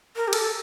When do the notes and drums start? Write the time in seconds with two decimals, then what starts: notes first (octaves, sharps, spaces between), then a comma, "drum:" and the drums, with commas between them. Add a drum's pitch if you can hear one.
0.16 A#4
0.28 G4
0.33 A4, drum: cymbal